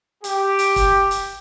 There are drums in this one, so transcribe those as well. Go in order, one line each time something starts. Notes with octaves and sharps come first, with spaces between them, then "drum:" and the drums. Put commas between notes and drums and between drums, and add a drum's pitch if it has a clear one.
G4, drum: hi-hat
drum: hi-hat
drum: kick, hi-hat
drum: hi-hat